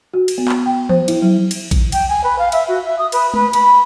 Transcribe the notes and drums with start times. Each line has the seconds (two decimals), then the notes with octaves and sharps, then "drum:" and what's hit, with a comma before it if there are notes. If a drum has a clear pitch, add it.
0.14 F#4
0.28 drum: cymbal
0.38 B3
0.49 drum: clap
0.66 G5
0.89 C5, drum: tom E3
1.08 E4, drum: cymbal
1.22 F#3
1.51 drum: cymbal
1.71 drum: kick A#1, cymbal
1.92 G5, drum: cymbal
2.09 G#5
2.24 B4
2.38 F5
2.52 E5, drum: cymbal
2.68 F#4
2.84 E5
2.98 D#6
3.12 B4, drum: cymbal
3.34 B4, drum: tom G#3
3.53 B5, drum: cymbal